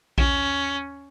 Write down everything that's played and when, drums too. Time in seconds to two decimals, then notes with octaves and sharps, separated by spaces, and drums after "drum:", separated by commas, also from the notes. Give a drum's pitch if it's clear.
0.18 C#4, drum: kick A#1